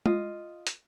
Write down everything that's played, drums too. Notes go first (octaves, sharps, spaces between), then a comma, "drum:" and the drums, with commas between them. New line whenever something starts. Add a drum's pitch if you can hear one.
F4 D#5, drum: tom G#3
drum: hi-hat